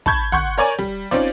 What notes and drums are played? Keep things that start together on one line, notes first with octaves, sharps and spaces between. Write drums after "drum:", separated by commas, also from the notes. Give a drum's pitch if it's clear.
A5 B5 C#6 G6 G#6, drum: kick
F#5 C6 C#6 G6, drum: tom
A#4 C#5 D5 G#5
G3, drum: snare
C4 C#4 D#4 F4 C5 D5, drum: snare